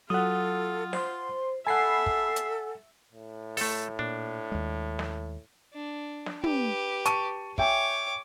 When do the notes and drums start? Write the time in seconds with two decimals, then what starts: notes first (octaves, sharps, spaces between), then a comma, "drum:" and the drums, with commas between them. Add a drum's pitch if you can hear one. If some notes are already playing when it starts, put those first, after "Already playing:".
0.10 F#3 F4 A4 F#5 D#6
0.93 C5 C6, drum: snare
1.67 A4 E5 F#5 G#5 A5 B5 C7
2.06 drum: kick
2.36 drum: hi-hat
3.12 A2
3.57 A3 A4, drum: open hi-hat
3.99 A#2 D4
4.52 D#2 G#3
4.99 drum: snare
5.73 D4
6.26 drum: snare
6.44 G4 B4, drum: tom
7.05 A5 C#6 D#7, drum: hi-hat
7.58 C#5 E5 G5 G#5 D6, drum: kick